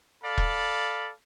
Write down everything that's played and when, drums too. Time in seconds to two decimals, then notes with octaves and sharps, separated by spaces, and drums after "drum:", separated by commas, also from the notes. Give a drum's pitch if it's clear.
0.24 A4 D5 F5 B5
0.38 drum: kick E1